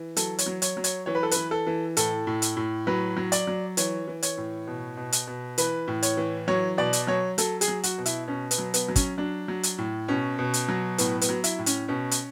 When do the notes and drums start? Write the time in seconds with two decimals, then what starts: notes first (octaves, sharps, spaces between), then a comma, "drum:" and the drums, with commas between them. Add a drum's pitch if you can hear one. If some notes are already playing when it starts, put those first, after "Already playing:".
Already playing: E3
0.17 F#3 A4, drum: hi-hat
0.38 C#5, drum: hi-hat
0.46 F#3
0.62 C#5, drum: hi-hat
0.77 F#3
0.84 C#5, drum: hi-hat
1.06 E3 C#5
1.15 B4
1.23 A4
1.31 E3 B4, drum: hi-hat
1.51 A4
1.67 E3
1.97 A2 A4, drum: hi-hat
2.27 A2
2.42 drum: hi-hat
2.57 A2
2.87 F#3 B4
3.17 F#3
3.32 D5, drum: hi-hat
3.47 F#3
3.77 E3 C#5, drum: hi-hat
4.08 E3
4.22 C#5, drum: hi-hat
4.37 A2
4.67 B2
4.97 B2
5.12 drum: hi-hat
5.27 B2
5.58 E3 B4, drum: hi-hat
5.88 A2
6.03 C#5, drum: hi-hat
6.17 E3
6.48 F#3 C#5
6.78 B2 D5
6.93 drum: hi-hat
7.07 F#3 C#5
7.38 F#3 A4, drum: hi-hat
7.61 G#4, drum: hi-hat
7.68 F#3
7.83 F#4, drum: hi-hat
7.98 B2
8.06 E4, drum: hi-hat
8.28 B2 C#4
8.51 B3, drum: hi-hat
8.58 F#3
8.74 B3, drum: hi-hat
8.88 F#3
8.96 C#4, drum: kick, hi-hat
9.18 F#3 D4
9.48 F#3
9.63 drum: hi-hat
9.78 A2
10.08 B2 C#4
10.39 B2
10.54 drum: hi-hat
10.69 F#3
10.98 A2 B3, drum: hi-hat
11.21 B3, drum: hi-hat
11.29 F#3
11.44 E4, drum: hi-hat
11.59 A2
11.66 C#4, drum: hi-hat
11.88 B2 C#4
12.11 drum: hi-hat